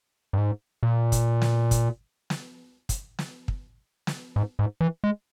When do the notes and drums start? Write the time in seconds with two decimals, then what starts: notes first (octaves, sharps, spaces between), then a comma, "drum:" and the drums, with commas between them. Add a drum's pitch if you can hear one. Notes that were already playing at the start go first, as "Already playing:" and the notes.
0.33 G2
0.38 G#2
0.83 A#2
1.12 drum: kick, hi-hat
1.42 drum: snare
1.71 drum: kick, hi-hat
2.30 drum: snare
2.89 drum: kick, hi-hat
3.19 drum: snare
3.48 drum: kick
4.07 drum: snare
4.36 G#2
4.59 G#2
4.81 E3
5.04 G#3